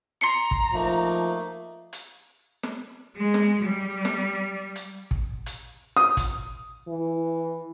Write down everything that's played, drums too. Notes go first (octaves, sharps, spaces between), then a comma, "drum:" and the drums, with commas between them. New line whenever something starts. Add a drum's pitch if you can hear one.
A#5 C6 C7 C#7
drum: kick
F3 A3 A#3 D#4
drum: hi-hat
drum: snare
G#3
drum: snare
G3
drum: snare
drum: hi-hat
drum: kick
drum: hi-hat
D#6
drum: kick, hi-hat
E3